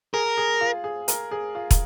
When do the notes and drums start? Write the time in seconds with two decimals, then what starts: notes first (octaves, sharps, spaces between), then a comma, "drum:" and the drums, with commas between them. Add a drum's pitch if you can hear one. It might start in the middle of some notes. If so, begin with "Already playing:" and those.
0.14 G#4 A#4
0.37 G#4
0.61 F4
0.84 G#4
1.08 A#4, drum: hi-hat
1.31 G#4
1.55 F4
1.71 drum: kick, hi-hat